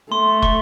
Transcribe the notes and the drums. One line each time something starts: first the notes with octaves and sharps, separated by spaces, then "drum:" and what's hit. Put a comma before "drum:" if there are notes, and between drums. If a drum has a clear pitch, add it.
A3 C6
C#6, drum: kick